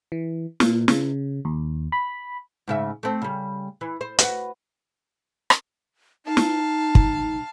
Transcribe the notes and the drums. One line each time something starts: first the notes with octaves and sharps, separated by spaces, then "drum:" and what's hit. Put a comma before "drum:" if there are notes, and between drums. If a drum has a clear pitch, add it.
E3
A#2, drum: snare
C#3, drum: snare
D#2
B5
G#2 C#3 E5
A3 C4
C#3 G3
E3
C5
F#4 B4, drum: hi-hat
drum: rim click
D#4 F5 A5
drum: snare
drum: kick